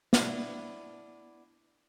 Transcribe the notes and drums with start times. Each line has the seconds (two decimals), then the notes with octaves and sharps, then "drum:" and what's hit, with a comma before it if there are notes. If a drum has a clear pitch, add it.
0.13 B3 D4 E4, drum: snare